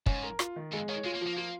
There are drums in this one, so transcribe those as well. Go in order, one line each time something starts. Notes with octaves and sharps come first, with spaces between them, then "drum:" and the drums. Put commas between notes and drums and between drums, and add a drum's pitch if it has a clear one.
G#2 C#4, drum: kick
A#4
F4, drum: rim click
D#3
F2 G#3
D#3 C#5
G#3 F4
A#3
F3
A#3
A#3 F4